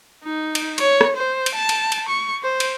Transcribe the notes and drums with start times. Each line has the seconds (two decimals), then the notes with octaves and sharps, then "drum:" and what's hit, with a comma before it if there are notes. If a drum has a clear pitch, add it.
0.24 D#4
0.55 drum: cymbal
0.78 C#5, drum: cymbal
1.01 drum: rim click
1.16 C5
1.46 drum: cymbal
1.55 A5
1.69 drum: cymbal
1.92 drum: cymbal
2.09 C#6
2.43 C5
2.60 drum: cymbal